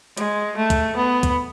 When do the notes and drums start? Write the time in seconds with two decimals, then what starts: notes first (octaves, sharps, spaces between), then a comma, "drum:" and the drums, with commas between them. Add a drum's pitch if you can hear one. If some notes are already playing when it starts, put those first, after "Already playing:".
0.17 G#3, drum: hi-hat
0.57 A3
0.70 drum: kick, hi-hat
0.97 B3
1.23 drum: kick, hi-hat